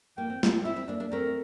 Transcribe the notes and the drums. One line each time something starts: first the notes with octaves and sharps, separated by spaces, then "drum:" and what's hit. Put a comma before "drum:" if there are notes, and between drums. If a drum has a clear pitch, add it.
A#3 G5
C4
G3 A#3, drum: snare
C4 E4 E5
C4 E4
A#3 D4
A#3 D4
A3 C4 A#4